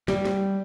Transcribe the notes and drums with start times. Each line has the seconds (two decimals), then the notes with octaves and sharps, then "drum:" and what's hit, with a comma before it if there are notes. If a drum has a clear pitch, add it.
0.08 G3, drum: snare
0.25 drum: snare